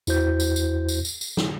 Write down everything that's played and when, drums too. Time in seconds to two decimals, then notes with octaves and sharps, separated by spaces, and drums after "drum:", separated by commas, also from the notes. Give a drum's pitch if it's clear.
0.07 E2 E4 F#4 C5 G6, drum: tambourine
0.40 drum: tambourine
0.56 drum: tambourine
0.89 drum: tambourine
1.05 drum: tambourine
1.21 drum: tambourine
1.37 drum: snare